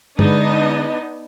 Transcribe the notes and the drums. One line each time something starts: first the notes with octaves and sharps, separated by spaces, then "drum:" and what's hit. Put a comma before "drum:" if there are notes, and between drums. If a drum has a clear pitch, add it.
D3 G#3 B3 D4 D#4 D#5, drum: tom